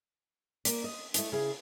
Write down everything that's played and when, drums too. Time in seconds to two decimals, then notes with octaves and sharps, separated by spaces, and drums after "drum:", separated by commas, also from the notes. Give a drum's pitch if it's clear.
0.65 A#3 D5, drum: hi-hat
0.84 D#5
1.14 A3 E4 D#5, drum: hi-hat
1.32 C#3 E4 G#4